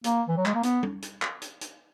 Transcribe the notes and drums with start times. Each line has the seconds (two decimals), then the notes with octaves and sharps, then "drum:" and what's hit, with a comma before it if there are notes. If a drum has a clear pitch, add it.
0.04 A#3, drum: hi-hat
0.28 E3
0.37 F#3
0.46 G#3, drum: clap
0.55 A#3
0.63 B3, drum: hi-hat
0.83 drum: tom G3
1.02 drum: hi-hat
1.22 drum: clap
1.42 drum: hi-hat
1.61 drum: hi-hat